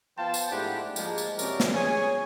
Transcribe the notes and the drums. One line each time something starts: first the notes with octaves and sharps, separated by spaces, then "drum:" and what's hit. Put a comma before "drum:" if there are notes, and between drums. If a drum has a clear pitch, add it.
F3 B3 F5 G5 A5 C6
drum: tambourine
G#2 A3 D4 E4 G4 F#5
F3 G#3 A#3, drum: tambourine
drum: tambourine
F#2 C3 C4 C#4 A#4 D5, drum: tambourine
drum: snare
G#4 C#5 G#5